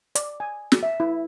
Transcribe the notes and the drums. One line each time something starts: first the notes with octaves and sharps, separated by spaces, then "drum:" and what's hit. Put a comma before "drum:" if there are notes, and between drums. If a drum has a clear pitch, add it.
D5, drum: hi-hat
G#5
drum: snare
E5
E4